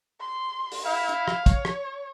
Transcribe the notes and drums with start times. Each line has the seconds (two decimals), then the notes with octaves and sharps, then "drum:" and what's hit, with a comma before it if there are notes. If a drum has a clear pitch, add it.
0.20 C6
0.72 drum: open hi-hat
0.86 E4 F5
1.09 drum: hi-hat
1.28 drum: rim click
1.46 C#5, drum: kick, hi-hat
1.65 drum: rim click